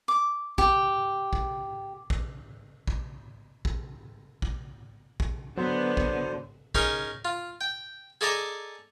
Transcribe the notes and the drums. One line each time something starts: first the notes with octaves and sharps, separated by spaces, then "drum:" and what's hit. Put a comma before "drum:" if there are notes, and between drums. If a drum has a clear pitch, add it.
D6
G4, drum: kick
drum: kick
drum: kick
drum: kick
drum: kick
drum: kick
drum: kick
D3 F#3 B3 C5
drum: kick
C#4 D#4 G#4 A#4, drum: kick
F4
G5
G#4 A4 D5 D#5 A5 A#5